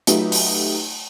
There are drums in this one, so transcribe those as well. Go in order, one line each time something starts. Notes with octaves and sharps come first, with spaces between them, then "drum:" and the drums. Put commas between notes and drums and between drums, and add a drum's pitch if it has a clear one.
F#3 A3 D#4 F4 G4 B4, drum: hi-hat
drum: open hi-hat